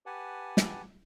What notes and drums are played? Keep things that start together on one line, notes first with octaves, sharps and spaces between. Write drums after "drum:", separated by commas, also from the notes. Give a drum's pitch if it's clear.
G4 B4 F#5 G#5 A5
drum: snare